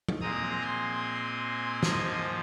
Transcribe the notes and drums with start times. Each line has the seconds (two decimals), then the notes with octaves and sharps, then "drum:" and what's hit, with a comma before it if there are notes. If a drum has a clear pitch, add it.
0.09 drum: tom F3
0.21 A#2 G#3 C4 A#5 D#6
0.61 G#5 C6
1.83 G#2 F3 A#3 D#5 G#5, drum: snare